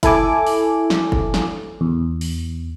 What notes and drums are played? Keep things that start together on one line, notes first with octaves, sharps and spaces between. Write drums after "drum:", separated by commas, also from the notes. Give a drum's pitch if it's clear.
E4 A4 G#5 D6, drum: kick, hi-hat
drum: open hi-hat
drum: snare
drum: kick
drum: snare
E2
drum: open hi-hat